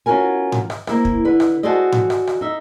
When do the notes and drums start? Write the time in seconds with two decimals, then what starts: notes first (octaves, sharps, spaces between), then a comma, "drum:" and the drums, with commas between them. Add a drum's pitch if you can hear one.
0.06 B3 C#4 F4 F#4 A#4 G#5
0.52 drum: tom G#2
0.70 drum: rim click
0.87 A#3 E4 C5, drum: rim click
1.05 drum: kick
1.25 D3 B4
1.40 drum: rim click
1.63 F#4 G#4 A4 C5 D5 D#5
1.92 drum: tom G#2
2.10 drum: rim click
2.27 drum: rim click
2.41 D#4 E5